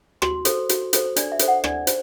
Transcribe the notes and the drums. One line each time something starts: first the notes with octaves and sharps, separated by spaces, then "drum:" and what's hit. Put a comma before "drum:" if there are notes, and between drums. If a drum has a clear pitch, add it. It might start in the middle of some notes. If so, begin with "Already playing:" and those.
F#4 C6, drum: rim click
A4 C5, drum: hi-hat
F#4, drum: hi-hat
A4 C5, drum: hi-hat
D4 D5, drum: hi-hat
E5
A4 C5, drum: hi-hat
F#5
D4 D5, drum: rim click
C5, drum: hi-hat